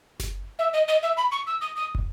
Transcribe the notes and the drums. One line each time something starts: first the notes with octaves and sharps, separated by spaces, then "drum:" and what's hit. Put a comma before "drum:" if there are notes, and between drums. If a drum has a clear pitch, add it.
drum: snare F#1
E5
D#5
D#5
E5
B5
C#6
E6
D#6
D#6
drum: kick